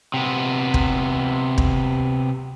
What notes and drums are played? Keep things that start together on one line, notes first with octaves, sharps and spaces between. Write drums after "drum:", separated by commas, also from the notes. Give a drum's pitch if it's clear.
C3 B3
drum: kick
drum: kick